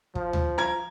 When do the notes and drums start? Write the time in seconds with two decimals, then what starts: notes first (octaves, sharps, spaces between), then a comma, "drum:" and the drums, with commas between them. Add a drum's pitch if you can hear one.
0.15 F3, drum: kick
0.33 drum: tom D2
0.58 A#5 G#6